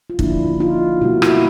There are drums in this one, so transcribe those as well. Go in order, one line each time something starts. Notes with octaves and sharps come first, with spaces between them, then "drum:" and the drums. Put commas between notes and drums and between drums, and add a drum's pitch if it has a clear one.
F4
D3 F3 A#3 D4 E4, drum: kick
D#4 F4
B2 G3 A#3 E4 F#4
E4 F#4, drum: rim click